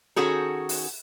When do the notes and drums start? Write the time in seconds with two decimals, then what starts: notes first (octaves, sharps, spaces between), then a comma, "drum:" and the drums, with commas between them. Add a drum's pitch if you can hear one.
0.16 D#3 C#4 F#4 G#4 A4
0.69 drum: open hi-hat